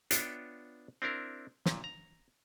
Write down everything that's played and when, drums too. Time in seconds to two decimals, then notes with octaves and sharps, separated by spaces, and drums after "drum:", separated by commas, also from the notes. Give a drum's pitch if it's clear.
0.11 B3 D4 F4 C#5 E5 G5, drum: hi-hat
1.02 C4 D4 E4 A#4
1.66 A#2, drum: snare
1.84 A#5